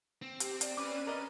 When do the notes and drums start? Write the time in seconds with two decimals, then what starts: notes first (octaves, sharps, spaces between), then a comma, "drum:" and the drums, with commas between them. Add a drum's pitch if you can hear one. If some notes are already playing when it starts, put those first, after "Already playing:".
0.22 C4
0.40 G4, drum: hi-hat
0.61 D5, drum: hi-hat
0.77 C#4 B4 D6 D#7
1.07 A#4 D5 D#5